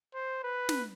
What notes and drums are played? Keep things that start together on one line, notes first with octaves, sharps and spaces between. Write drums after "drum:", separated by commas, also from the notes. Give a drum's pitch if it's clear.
C5
B4
drum: snare